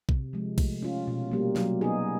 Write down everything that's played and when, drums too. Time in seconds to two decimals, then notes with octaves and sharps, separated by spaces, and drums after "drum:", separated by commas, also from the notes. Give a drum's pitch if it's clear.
0.09 C3, drum: kick B1
0.33 F3 G#3
0.58 A3, drum: kick B1, cymbal
0.82 C#4 F4
1.08 B2
1.31 G3 A#3
1.56 F#3, drum: snare
1.81 B3 D#4 G#4